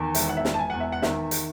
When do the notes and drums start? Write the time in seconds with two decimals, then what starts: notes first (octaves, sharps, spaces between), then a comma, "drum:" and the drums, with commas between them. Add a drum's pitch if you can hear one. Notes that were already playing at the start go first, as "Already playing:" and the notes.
Already playing: E2 D#3
0.15 E1 E5, drum: hi-hat
0.29 F#5
0.37 E5
0.45 E1, drum: snare
0.54 A5
0.59 G#5
0.70 E2 F#5
0.80 E5
0.92 F#5
1.02 D#3 E5, drum: snare
1.31 drum: hi-hat